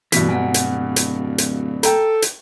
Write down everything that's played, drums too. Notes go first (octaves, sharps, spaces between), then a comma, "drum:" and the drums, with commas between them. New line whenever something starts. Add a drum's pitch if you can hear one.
D1 G2 B2 E3 B6, drum: hi-hat
F#5 G#5
drum: hi-hat
drum: hi-hat
drum: hi-hat
A4 G5 A#5, drum: hi-hat
drum: hi-hat